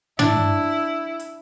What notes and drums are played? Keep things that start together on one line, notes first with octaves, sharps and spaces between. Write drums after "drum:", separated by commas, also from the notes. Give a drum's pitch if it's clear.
D4 E4, drum: tom
drum: hi-hat